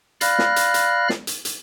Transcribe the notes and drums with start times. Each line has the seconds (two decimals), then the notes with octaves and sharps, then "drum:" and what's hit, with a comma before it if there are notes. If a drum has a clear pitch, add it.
0.21 D5 F5 B5 F6 F#6 A#6, drum: hi-hat
0.39 drum: snare
0.56 drum: hi-hat
0.74 drum: hi-hat
1.09 drum: snare
1.27 drum: hi-hat
1.45 drum: hi-hat